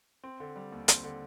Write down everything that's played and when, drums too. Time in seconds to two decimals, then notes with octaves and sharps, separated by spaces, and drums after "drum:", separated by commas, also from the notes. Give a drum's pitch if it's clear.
0.24 C4
0.40 D3
0.56 G3
0.72 D#2
0.88 C4, drum: hi-hat
1.04 D3